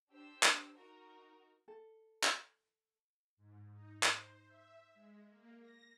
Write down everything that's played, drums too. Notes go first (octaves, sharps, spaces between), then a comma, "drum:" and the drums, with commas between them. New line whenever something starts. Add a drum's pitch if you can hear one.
D4 G4 C5 E6
drum: clap
D#4 F#4 A#4
A4
drum: clap
G#2
D#4
C5, drum: clap
E5
G#3
A#3
A#6